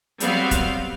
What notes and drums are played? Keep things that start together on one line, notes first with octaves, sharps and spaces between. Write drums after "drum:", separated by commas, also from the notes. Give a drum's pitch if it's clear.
F#3 G3 B3 C4 F5, drum: hi-hat
drum: kick, hi-hat